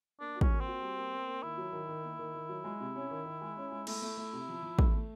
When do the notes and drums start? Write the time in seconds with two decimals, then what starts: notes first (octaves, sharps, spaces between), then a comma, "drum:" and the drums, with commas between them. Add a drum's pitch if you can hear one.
0.20 A#3 D4
0.35 F#4
0.41 C#4, drum: kick
0.51 A#3
0.61 C4
0.67 F#4
0.81 G3
0.96 A#3
1.13 A#3
1.27 A#3
1.42 D#3 E4
1.58 F#3
1.73 D#3
1.89 D#3
2.04 A#3
2.19 D#3
2.35 D#3
2.49 F#3
2.64 G#3
2.81 C3
2.96 C#4
3.11 D#3
3.26 D#3
3.41 G#3
3.57 C#4
3.72 G#3
3.87 A3 E4, drum: cymbal
4.02 A3
4.18 A3
4.33 C3
4.49 F3
4.63 F3
4.79 A3, drum: kick
4.94 A3